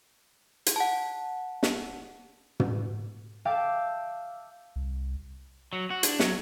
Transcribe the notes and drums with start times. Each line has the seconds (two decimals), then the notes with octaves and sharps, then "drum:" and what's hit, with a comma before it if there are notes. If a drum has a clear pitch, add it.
0.66 drum: hi-hat
0.76 F#5 A5
1.63 drum: snare
2.60 drum: tom
3.45 E5 F5 G5 A5 D6 E6
4.76 C2
5.73 F#3
5.90 F#4
6.03 D4, drum: hi-hat
6.20 F#3, drum: snare